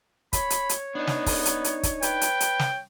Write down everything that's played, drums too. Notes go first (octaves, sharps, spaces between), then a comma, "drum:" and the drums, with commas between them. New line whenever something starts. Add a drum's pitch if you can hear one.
C#5 B5, drum: kick, hi-hat
drum: hi-hat
drum: hi-hat
B3 D4 D#4
drum: snare
drum: kick, open hi-hat
drum: hi-hat
drum: hi-hat
drum: kick, hi-hat
B4 G5, drum: hi-hat
drum: hi-hat
drum: hi-hat
drum: snare